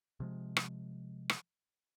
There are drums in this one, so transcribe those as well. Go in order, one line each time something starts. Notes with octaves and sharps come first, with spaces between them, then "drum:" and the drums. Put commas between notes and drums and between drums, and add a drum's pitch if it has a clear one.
C3 F3 G#3
drum: rim click
drum: rim click